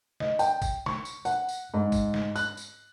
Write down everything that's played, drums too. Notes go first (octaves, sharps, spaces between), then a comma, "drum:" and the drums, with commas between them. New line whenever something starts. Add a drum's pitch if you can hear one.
D#5, drum: snare
G5, drum: tambourine
drum: kick, tambourine
C#6, drum: snare
drum: tambourine
F#5, drum: tambourine
drum: tambourine
G#2
drum: kick, tambourine
drum: snare
F#6, drum: tambourine
drum: tambourine